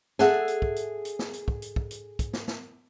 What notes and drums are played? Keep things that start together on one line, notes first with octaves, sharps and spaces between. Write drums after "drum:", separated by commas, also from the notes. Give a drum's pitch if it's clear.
G#4 A4 E5 F#5, drum: snare
drum: hi-hat
drum: kick
drum: hi-hat
drum: hi-hat
drum: snare
drum: hi-hat
drum: kick
drum: hi-hat
drum: kick
drum: hi-hat
drum: kick, hi-hat
drum: snare
drum: snare